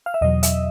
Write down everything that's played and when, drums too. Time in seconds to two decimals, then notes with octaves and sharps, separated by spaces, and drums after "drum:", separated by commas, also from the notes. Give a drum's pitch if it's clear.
0.06 F5
0.14 E5
0.21 E2 B2 F#3 D#5
0.43 E5, drum: hi-hat